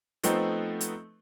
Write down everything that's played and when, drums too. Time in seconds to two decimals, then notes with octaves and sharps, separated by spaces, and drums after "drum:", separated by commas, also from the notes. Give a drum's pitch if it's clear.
0.23 F3 A3 B3 C4 D#4, drum: hi-hat
0.81 drum: hi-hat